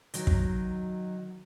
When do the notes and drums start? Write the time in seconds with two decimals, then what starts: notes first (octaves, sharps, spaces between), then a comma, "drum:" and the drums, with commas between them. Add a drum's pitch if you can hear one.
0.14 D#3 F#3, drum: hi-hat
0.27 drum: kick